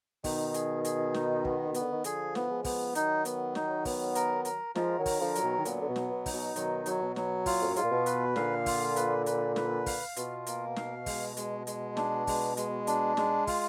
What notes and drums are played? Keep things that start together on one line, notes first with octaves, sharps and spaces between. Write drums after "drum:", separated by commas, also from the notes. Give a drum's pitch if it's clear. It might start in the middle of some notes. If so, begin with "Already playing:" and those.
B2 D#3 D#4, drum: kick, open hi-hat
G#4, drum: hi-hat
G#4, drum: hi-hat
D#4, drum: snare
B3, drum: kick
B2
B3, drum: hi-hat
D3
D#3
D3 F3 G#4, drum: hi-hat
B3, drum: snare
F3 G#3
B3, drum: kick, open hi-hat
D#3 F#3 D#4, drum: hi-hat
B3, drum: hi-hat
D#4, drum: snare
B3, drum: kick, open hi-hat
A#4, drum: hi-hat
A#4, drum: hi-hat
F3 G#3 A#4, drum: snare
D#3 F#3
A#4, drum: kick, open hi-hat
D3 F3
F#3, drum: hi-hat
B2 D#3
D#3
A#2 D3 B3, drum: hi-hat
D3
B2
F#3, drum: snare
B2
D#4, drum: kick, open hi-hat
B2
B2 D#3 F#3, drum: hi-hat
F#3, drum: hi-hat
B2
F#3, drum: snare
A#2 F4, drum: kick, open hi-hat
F2
F#2
G#2 F4, drum: hi-hat
A#2
B2
B4, drum: hi-hat
A#2 D3 F5, drum: snare
F4, drum: kick, open hi-hat
B4, drum: hi-hat
B4, drum: hi-hat
B4, drum: snare
F5, drum: kick, open hi-hat
B2 F4, drum: hi-hat
A#3, drum: hi-hat
F5, drum: snare
G#3, drum: kick, open hi-hat
G#3, drum: hi-hat
G#3, drum: hi-hat
D4, drum: snare
G#3, drum: kick, open hi-hat
G#3, drum: hi-hat
D4, drum: hi-hat
G#3, drum: snare
F4, drum: kick, open hi-hat